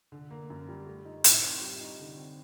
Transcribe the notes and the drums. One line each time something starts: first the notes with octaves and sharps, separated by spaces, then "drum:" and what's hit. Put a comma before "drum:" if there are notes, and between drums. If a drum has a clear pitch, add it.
D3
A#3
F#2
G3
A3
D#4
A2, drum: hi-hat
C4
G3
D#4
D3
C4